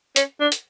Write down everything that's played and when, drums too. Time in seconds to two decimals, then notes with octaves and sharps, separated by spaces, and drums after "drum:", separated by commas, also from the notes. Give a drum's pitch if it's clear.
0.16 C#4, drum: hi-hat
0.40 D4
0.52 drum: hi-hat